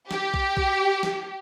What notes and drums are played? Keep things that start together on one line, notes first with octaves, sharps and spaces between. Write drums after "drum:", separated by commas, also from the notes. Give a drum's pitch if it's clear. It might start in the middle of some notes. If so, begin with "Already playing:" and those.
G4, drum: snare
drum: kick B1
drum: kick B1
drum: snare